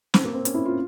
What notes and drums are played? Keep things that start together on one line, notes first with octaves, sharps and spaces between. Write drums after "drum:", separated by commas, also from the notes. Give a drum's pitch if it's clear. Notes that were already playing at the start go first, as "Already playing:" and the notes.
C4, drum: snare
A#3
C4
C#4, drum: hi-hat
E4
F4